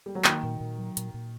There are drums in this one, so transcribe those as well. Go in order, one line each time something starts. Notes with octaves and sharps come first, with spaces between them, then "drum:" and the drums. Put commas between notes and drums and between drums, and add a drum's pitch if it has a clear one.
G3
F#3
D#3 A#3, drum: clap
A#2
A#2
F#3
A#2, drum: hi-hat
A#2